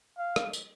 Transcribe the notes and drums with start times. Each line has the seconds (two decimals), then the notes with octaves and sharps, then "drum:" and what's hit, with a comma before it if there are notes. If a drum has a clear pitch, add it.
0.19 F5
0.36 drum: rim click
0.53 drum: tambourine